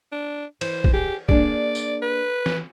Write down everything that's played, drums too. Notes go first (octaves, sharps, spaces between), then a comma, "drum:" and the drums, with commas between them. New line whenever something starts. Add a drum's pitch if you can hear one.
D4
E3 C5, drum: cymbal
drum: kick
G4 G#4
A#3 D4 G#4 D5, drum: kick
drum: tambourine
B4
drum: snare